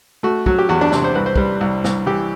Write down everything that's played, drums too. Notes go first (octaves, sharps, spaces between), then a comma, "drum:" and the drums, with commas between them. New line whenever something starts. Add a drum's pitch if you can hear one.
A3 F#4
F#3 F#4, drum: kick
G4
E2 F#4
D4
C3 D4, drum: snare
C5
C2 B4
C5
G3 B4, drum: kick
C2
C2, drum: snare
E3 G4